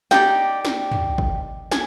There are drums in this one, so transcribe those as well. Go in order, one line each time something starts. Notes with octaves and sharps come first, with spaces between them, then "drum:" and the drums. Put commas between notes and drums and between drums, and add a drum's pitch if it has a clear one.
D#4 G4 D5 G5, drum: snare
drum: snare
drum: tom
drum: kick
G#5, drum: snare